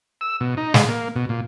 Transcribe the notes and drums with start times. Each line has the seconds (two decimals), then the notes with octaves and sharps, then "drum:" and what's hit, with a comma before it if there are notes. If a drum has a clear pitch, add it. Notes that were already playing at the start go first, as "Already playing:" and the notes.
0.21 E6
0.40 B2
0.57 D#4
0.74 G#3, drum: snare
0.89 A#3
1.16 B2
1.29 A#2